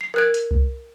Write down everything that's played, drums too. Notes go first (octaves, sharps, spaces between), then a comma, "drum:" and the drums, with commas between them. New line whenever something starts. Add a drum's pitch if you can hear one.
C7
A#4 F#6 G#6
drum: hi-hat
drum: kick C2